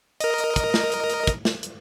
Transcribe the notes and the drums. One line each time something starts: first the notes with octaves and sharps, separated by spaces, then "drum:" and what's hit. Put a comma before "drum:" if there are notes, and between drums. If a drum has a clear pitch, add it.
A#4 D#5, drum: hi-hat
drum: hi-hat
drum: kick, hi-hat
drum: snare
drum: hi-hat
drum: hi-hat
drum: kick, hi-hat
drum: snare
drum: hi-hat